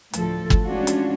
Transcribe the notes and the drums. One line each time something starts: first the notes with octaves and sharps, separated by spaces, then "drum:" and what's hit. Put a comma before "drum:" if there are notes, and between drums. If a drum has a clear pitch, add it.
D2 A2 F3 A4, drum: hi-hat
drum: kick
E3 G#3 C#4 D4 F4 F#4
drum: hi-hat